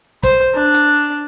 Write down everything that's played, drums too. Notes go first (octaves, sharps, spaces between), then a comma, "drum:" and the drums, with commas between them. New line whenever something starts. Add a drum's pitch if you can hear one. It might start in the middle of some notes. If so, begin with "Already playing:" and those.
C5, drum: kick, hi-hat
D4
drum: hi-hat